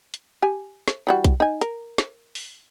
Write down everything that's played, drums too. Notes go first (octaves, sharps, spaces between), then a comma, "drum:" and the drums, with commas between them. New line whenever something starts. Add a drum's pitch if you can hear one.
drum: hi-hat
G4 G#5
drum: snare
E3 G3 F#4
drum: kick B1, hi-hat
D#4 G#5
A#4, drum: hi-hat
drum: snare
drum: open hi-hat